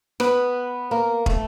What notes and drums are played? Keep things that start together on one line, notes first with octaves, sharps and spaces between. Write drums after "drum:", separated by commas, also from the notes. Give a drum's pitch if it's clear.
B3 B4, drum: rim click
A#3 A#4
A3 A4, drum: kick